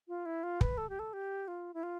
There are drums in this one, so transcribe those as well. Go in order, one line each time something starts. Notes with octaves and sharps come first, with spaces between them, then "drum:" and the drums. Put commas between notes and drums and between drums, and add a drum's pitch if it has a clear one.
F4
E4
F4
B4, drum: kick
A4
G4
A4
G4
F4
E4
F4